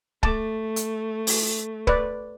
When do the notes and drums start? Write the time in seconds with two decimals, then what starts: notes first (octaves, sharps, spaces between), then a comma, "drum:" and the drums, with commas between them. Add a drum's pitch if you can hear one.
0.23 A3 A5 D6, drum: kick
0.76 drum: hi-hat
1.27 drum: open hi-hat
1.87 B4 D5, drum: kick